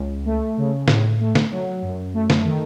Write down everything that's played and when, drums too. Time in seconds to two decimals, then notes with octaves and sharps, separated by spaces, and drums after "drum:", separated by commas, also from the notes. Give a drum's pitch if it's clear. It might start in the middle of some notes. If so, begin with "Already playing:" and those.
Already playing: C#2
0.25 A3
0.57 C#3
0.88 A2, drum: snare
1.20 A3
1.35 drum: snare
1.51 F#3
1.82 F#2
2.14 A3
2.30 drum: snare
2.45 D#3